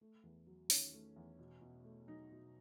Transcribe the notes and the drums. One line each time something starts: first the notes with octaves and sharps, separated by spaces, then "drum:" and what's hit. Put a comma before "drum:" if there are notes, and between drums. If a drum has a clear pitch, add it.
A3
E2
F#3
D#3 C#4, drum: open hi-hat
A3
E2
B2
B2
A3
F#3 D#4
B2